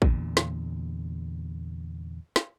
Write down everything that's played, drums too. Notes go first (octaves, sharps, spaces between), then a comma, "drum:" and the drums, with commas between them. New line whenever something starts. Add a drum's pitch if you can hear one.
E2 A#2 D3, drum: kick A1
drum: snare
drum: snare